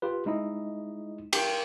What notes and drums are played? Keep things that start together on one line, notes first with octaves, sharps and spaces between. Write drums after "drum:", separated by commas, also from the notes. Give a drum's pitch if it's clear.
F4 G4 B4
G#3 D#4 E4 D#5
G5, drum: cymbal